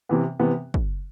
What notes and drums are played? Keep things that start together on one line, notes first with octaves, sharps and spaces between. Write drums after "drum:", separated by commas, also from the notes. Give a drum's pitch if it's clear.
C3 E3 B3
C3 E3 B3
drum: kick